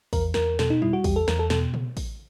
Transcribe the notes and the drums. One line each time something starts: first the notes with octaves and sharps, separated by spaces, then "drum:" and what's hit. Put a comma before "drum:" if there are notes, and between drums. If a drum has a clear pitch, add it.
E2 A#4, drum: kick A1, open hi-hat
E2 A#4, drum: snare
B2 A4, drum: snare
D#4
G3 E4, drum: tom E2
F#4
E2 G4, drum: kick A1, open hi-hat
A4
E2 A#4, drum: snare
A4
B2 A4, drum: snare
drum: tom C3
drum: kick A1, open hi-hat